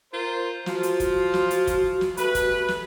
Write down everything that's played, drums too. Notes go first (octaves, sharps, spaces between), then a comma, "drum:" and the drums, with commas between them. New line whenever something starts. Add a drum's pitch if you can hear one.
F4 A#4 C5
F3 F4 F#4, drum: snare
drum: hi-hat
drum: kick, hi-hat
drum: snare
drum: hi-hat
drum: kick, hi-hat
drum: snare
G3 A3 B4, drum: hi-hat
drum: kick, hi-hat
drum: snare